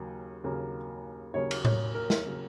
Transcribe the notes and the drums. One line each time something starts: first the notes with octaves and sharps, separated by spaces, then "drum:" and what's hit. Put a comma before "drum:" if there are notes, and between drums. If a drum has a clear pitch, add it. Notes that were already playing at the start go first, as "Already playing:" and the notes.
Already playing: D#2 C#3 F#3 A#3
D#2 C#3 F#3 A#3
D#2 C#3 F#3 A#3 C#5
drum: cymbal
C#5, drum: tom A2
A#4
drum: snare
C#3 F#3 A#3